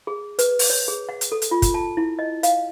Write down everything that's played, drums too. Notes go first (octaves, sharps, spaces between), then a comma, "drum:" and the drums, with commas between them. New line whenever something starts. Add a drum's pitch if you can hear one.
G#4
B4, drum: hi-hat
drum: open hi-hat
C#5
G#4
F#5
drum: hi-hat
A4
drum: hi-hat
F4
drum: kick, hi-hat
A5
E4
D#5
F5, drum: hi-hat